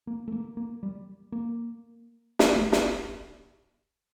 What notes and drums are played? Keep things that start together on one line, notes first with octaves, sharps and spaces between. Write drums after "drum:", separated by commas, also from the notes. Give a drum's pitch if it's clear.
A#3
A3
A#3
A#3
G3
A#3
drum: snare
A3
drum: snare